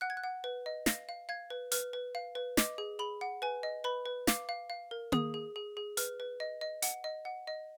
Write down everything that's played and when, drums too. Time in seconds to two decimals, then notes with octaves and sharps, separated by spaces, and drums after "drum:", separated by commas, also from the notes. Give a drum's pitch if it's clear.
0.01 F#5 F#6
0.10 G#6
0.17 F#6
0.23 F#5
0.44 B4
0.66 D#5
0.86 F5 A#6, drum: snare
1.09 F5
1.29 F5 G#6
1.50 B4
1.72 B4 F6, drum: hi-hat
1.93 B4
2.15 F5
2.35 B4
2.57 D#5 D6, drum: snare
2.78 G#4
2.99 G#4 B5
3.21 F#5
3.42 B4 G#5
3.63 D#5
3.84 B4 B5
4.06 B4
4.27 F5 D6, drum: snare
4.49 F5
4.70 F5
4.91 A#4
5.12 G#4 D#6, drum: tom A#3
5.34 G#4
5.56 G#4
5.77 G#4
5.97 B4 F6, drum: hi-hat
6.20 B4
6.40 D#5
6.61 D#5
6.82 F#5, drum: hi-hat
7.04 D#5
7.25 F#5
7.47 D#5